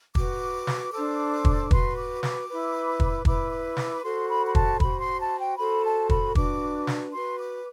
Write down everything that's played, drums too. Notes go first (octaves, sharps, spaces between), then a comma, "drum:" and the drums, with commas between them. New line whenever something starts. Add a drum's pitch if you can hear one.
F#4 B4 D6, drum: kick
drum: snare
D4 A4 C5 D6
drum: kick
F#4 B4 C6, drum: kick
D6
D6, drum: snare
E4 B4
drum: kick
E4 B4 D6, drum: kick
D6
D6, drum: snare
F#4 A4 C5 C6
B5
B5
A5, drum: kick
F#4 C5 B5, drum: kick
C6
A5
G5
F#4 A4 C5 B5
A5
B5, drum: kick
D4 F#4 B4 D6, drum: kick
drum: snare
F#4 B4 C6
D6